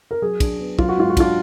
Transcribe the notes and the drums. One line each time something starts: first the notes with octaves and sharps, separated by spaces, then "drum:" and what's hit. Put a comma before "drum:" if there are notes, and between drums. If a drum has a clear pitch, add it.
A#4
F#3 G#4
D4, drum: kick, cymbal
B3
F#3 F4, drum: kick
F#4
G#2 F4
F#4
D4 F4, drum: kick, cymbal